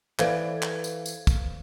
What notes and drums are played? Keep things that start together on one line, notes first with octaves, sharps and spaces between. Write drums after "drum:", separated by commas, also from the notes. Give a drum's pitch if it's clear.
E3 A4 B4 C5 D5 F5 G#6, drum: clap
drum: clap
drum: tambourine
drum: tambourine
drum: kick, tambourine